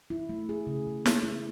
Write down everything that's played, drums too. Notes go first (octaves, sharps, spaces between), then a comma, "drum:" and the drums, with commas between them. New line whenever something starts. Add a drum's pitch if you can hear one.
E4
A3
G#4
C#3
C#3
A3, drum: snare
E4